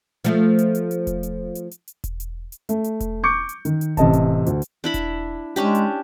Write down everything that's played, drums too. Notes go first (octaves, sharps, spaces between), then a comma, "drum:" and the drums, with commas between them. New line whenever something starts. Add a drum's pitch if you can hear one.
F3 A3, drum: hi-hat
drum: hi-hat
drum: hi-hat
drum: hi-hat
drum: kick E1, hi-hat
drum: hi-hat
drum: hi-hat
drum: hi-hat
drum: hi-hat
drum: kick E1, hi-hat
drum: hi-hat
drum: hi-hat
A3, drum: hi-hat
drum: hi-hat
drum: kick E1, hi-hat
C#6 D6 G6 C#7
drum: hi-hat
D#3, drum: hi-hat
drum: hi-hat
A1 C3 D#5 A5, drum: kick E1, hi-hat
drum: hi-hat
D2, drum: hi-hat
drum: hi-hat
D4 E4 B5
drum: kick E1, hi-hat
G#3 C#4 D4 G4, drum: hi-hat
drum: hi-hat